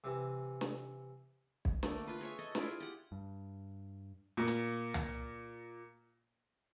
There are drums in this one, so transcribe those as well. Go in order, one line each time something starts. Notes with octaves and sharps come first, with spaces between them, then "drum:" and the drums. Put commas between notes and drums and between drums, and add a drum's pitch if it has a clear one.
C3 E3
drum: snare
drum: kick B1
D3 A3 A#3, drum: snare
F4 B4
G#4 C#5 E5
G#4 A4 D#5
E4 F4 G#4 D5, drum: snare
G4 F#5
G2
A#2 A#3
drum: hi-hat
drum: tom